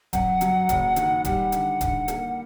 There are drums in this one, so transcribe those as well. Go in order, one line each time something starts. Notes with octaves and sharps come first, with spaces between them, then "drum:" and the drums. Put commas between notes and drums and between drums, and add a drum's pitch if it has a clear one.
F#2 F#5, drum: kick, hi-hat
F#3, drum: hi-hat
F#1, drum: kick, hi-hat
D#3, drum: hi-hat
G3 F#5, drum: kick, hi-hat
D3, drum: hi-hat
D3, drum: kick, hi-hat
A#3, drum: hi-hat